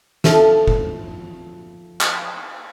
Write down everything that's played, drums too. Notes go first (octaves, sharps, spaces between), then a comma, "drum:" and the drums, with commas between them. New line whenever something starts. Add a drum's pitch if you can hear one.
F3 A4 E5, drum: snare
drum: kick
drum: clap